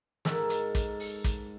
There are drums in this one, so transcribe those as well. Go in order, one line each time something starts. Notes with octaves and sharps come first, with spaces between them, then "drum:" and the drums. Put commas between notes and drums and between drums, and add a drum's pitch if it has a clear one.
G#2 A4 A#4, drum: snare
drum: hi-hat
drum: kick, hi-hat
drum: open hi-hat
drum: kick, hi-hat